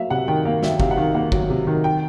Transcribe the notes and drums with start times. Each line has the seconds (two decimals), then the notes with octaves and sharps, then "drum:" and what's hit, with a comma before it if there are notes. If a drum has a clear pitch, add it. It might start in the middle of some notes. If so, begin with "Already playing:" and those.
Already playing: F#3 A#3 E5 F5
0.10 C3 F#5
0.28 D#3 G5
0.45 A#3 F5
0.63 F#3 E5, drum: snare
0.80 C3 F5, drum: kick
0.91 F#5
0.97 D#3 F5
1.14 A#3 F#5
1.32 F#3, drum: kick
1.50 C3
1.67 D#3
1.84 G5